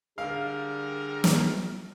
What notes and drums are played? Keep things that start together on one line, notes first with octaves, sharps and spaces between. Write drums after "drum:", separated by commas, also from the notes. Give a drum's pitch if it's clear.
D3 G3 G#4 A#4 F5
drum: snare